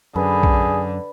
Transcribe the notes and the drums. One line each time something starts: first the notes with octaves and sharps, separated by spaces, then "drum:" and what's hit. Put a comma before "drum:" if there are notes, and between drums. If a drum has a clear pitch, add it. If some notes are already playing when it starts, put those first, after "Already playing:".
F#2 D3 G#4 B4
drum: kick